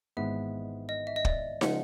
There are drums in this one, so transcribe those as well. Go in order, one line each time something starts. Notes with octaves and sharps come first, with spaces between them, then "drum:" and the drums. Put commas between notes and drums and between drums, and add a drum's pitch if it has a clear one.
G#1 G#2 E3 G#3 B3 E5
D#5
E5
D#5
D5, drum: kick
C#3 F3 G#3 F#5, drum: snare